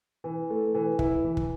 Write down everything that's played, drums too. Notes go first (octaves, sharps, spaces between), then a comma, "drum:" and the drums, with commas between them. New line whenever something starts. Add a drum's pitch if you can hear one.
E3
A3
E3
E4, drum: kick
E3
drum: kick